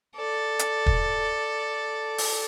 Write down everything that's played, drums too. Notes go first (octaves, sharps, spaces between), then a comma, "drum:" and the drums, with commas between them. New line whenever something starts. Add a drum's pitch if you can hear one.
A4 D5
drum: hi-hat
drum: kick
drum: open hi-hat